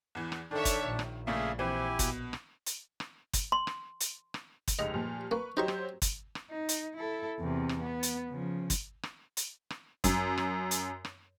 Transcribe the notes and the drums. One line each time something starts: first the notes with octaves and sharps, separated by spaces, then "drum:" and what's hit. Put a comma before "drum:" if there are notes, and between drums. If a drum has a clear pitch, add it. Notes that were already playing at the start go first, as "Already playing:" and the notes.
E2 E3
drum: rim click
D#3 D4 A4 C#5 E5
drum: kick, hi-hat
A#1
drum: rim click
A#2 C#3 A3 G#4 E5 F5
E3 C4 E4 G4 G#5
B2, drum: kick, hi-hat
drum: rim click
drum: hi-hat
drum: rim click
drum: kick, hi-hat
C6
drum: rim click
drum: hi-hat
drum: rim click
drum: kick, hi-hat
F1 C#2 D#5 F7
A#2 F3 G3
A#3 B4 C#6
F#3 D#4 G4 C5 D#5 C#6
drum: rim click
drum: kick, hi-hat
drum: rim click
D#4
drum: hi-hat
E4 A4
E2 C3
drum: rim click
B3
drum: hi-hat
C#3 F3
drum: kick, hi-hat
drum: rim click
drum: hi-hat
drum: rim click
F#2, drum: kick, hi-hat
drum: rim click
drum: hi-hat
drum: rim click